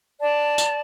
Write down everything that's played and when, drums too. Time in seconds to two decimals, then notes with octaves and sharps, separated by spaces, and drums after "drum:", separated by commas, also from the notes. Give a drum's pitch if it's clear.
0.21 D5 A5
0.58 drum: tambourine